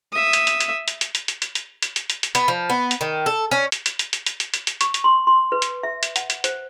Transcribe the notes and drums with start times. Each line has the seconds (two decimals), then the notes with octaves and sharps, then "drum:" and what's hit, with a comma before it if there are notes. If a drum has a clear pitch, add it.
0.12 E5 D#6
0.33 drum: hi-hat
0.47 drum: hi-hat
0.60 drum: hi-hat
0.88 drum: hi-hat
1.01 drum: hi-hat
1.15 drum: hi-hat
1.28 drum: hi-hat
1.42 drum: hi-hat
1.55 drum: hi-hat
1.82 drum: hi-hat
1.96 drum: hi-hat
2.10 drum: hi-hat
2.23 drum: hi-hat
2.35 B3, drum: hi-hat
2.48 F3
2.70 B3
2.91 drum: hi-hat
3.01 D#3
3.26 A4
3.51 C#4
3.72 drum: hi-hat
3.86 drum: hi-hat
3.99 drum: hi-hat
4.13 drum: hi-hat
4.26 drum: hi-hat
4.40 drum: hi-hat
4.54 drum: hi-hat
4.67 drum: hi-hat
4.81 C#6, drum: hi-hat
4.94 drum: hi-hat
5.04 C6
5.27 C6
5.52 B4
5.62 drum: hi-hat
5.83 E5
6.03 drum: hi-hat
6.16 F#5, drum: hi-hat
6.30 drum: hi-hat
6.44 C5, drum: hi-hat